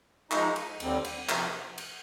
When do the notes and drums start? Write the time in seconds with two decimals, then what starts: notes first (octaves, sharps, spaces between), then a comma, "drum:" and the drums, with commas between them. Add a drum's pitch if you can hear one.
0.31 F3 G#3 D#4, drum: clap
0.56 drum: cymbal
0.80 D#2 D3 G3 C4, drum: cymbal
1.05 drum: cymbal
1.29 F2 C3 F3, drum: clap
1.78 drum: cymbal